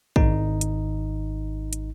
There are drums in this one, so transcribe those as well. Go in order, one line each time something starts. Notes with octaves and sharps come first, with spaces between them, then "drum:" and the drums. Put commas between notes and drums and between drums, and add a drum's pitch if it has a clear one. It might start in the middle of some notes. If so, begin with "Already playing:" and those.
G#1 D#4, drum: kick
drum: hi-hat
drum: hi-hat